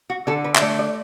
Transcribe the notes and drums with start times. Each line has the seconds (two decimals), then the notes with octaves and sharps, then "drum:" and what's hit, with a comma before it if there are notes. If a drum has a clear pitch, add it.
0.10 F#4
0.27 D3 A4
0.44 B4
0.56 E5, drum: clap
0.62 A3 D5
0.79 D5